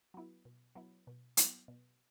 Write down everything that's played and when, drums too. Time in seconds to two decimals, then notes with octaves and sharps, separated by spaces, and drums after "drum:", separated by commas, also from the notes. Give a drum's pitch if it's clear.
0.14 F#3 B3 E4
0.45 B2
0.75 F#3 B3 E4
1.07 B2
1.37 F#3 B3 E4, drum: hi-hat
1.68 B2